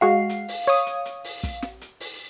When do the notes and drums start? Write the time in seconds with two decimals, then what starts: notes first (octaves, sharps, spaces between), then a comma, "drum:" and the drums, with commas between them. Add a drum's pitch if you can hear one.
0.01 G#3 F#4 F5 C7
0.29 drum: hi-hat
0.48 drum: open hi-hat
0.67 C#5 D#6, drum: hi-hat
0.86 drum: hi-hat
1.05 drum: hi-hat
1.24 drum: open hi-hat
1.43 drum: kick, hi-hat
1.62 drum: snare
1.81 drum: hi-hat
2.00 drum: open hi-hat